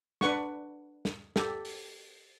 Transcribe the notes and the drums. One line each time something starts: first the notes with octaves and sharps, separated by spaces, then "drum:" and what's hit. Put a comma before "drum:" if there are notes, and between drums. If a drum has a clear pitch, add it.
D4 B4 F#5 C#6, drum: snare
drum: snare
G4 A4, drum: snare
drum: open hi-hat